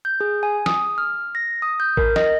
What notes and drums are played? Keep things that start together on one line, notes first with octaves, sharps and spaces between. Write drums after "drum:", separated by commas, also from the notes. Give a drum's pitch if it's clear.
G6
G#4
G#5
D#6, drum: snare
F6
A#6
D#6
G6
A#4, drum: kick A1
D#5, drum: snare